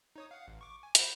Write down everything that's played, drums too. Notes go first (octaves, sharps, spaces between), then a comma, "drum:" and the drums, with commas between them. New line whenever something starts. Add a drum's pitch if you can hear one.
D#4 C#5 D#6
F5 F#5
A1
C#6 D6
G#5
C5 F#5 B5, drum: hi-hat